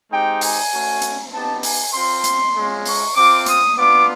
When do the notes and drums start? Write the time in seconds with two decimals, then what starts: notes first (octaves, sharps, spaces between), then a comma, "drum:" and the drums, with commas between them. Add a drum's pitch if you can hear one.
0.10 G#3 C4 D#4 G4 G5
0.41 G#5, drum: open hi-hat
0.71 A3 C#4 F#4
1.02 drum: hi-hat
1.32 B3 D#4 G4 A5
1.63 G#5, drum: open hi-hat
1.93 C4 F4 C6
2.24 drum: hi-hat
2.55 G#3 C#4 F4
2.85 C#6, drum: open hi-hat
3.16 C4 F4 D6
3.46 D#6, drum: hi-hat
3.76 B3 D4 F4 D6